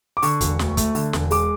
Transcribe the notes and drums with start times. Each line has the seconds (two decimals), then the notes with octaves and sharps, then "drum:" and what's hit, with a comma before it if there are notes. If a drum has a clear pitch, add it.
0.17 D6
0.22 D3 C#6, drum: open hi-hat
0.41 E1, drum: kick, hi-hat
0.59 D2, drum: snare
0.77 A3, drum: kick, hi-hat
0.95 D3, drum: open hi-hat
1.13 E1, drum: snare
1.31 G#3 D6, drum: open hi-hat